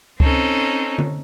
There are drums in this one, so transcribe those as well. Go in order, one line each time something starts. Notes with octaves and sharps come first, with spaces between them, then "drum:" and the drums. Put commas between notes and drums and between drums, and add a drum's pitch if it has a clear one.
C4 C#4 D#4 A4, drum: kick C#2
drum: tom D3